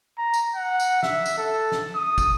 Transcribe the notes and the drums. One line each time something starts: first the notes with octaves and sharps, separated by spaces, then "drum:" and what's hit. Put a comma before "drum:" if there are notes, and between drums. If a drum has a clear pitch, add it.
A#5
drum: tambourine
F#5
drum: tambourine
E5, drum: snare
drum: tambourine
A4
drum: snare
D#6
drum: kick, tambourine